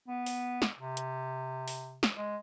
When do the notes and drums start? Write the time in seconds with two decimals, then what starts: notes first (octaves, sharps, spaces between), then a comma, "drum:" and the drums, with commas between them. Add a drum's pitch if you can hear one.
0.08 B3
0.26 drum: open hi-hat
0.62 drum: snare
0.79 C3
0.97 drum: hi-hat
1.68 drum: open hi-hat
2.03 drum: snare
2.17 G#3